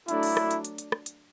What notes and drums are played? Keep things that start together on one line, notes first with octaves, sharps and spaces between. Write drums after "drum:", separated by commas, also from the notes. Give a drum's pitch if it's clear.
F#3 A3 D4 E4, drum: hi-hat
drum: open hi-hat
drum: rim click
drum: hi-hat
drum: hi-hat
drum: hi-hat
drum: rim click
drum: hi-hat